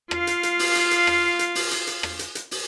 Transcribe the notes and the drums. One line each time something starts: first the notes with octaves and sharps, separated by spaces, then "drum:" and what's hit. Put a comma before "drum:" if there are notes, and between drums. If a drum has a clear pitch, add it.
F4 F5, drum: rim click
drum: hi-hat
drum: hi-hat
drum: open hi-hat
drum: hi-hat
drum: hi-hat
drum: rim click
drum: hi-hat
drum: open hi-hat
drum: hi-hat
drum: hi-hat
drum: rim click
drum: hi-hat
drum: hi-hat
drum: open hi-hat